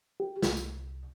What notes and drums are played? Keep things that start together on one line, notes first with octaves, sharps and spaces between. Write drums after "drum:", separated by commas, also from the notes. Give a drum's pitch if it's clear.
G4
C2, drum: snare
drum: tambourine